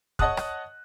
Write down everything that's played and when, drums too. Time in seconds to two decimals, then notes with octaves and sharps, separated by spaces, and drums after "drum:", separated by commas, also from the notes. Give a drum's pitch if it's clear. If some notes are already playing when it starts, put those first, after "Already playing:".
0.19 C#5 D#5 F#5 A5 D#6 F#6, drum: kick
0.37 drum: rim click